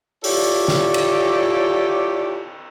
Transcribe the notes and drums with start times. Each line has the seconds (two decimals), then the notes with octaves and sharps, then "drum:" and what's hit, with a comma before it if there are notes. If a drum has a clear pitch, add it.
0.24 E4 F4 G4 A4 C#5 D5, drum: open hi-hat
0.68 drum: snare
0.94 drum: cymbal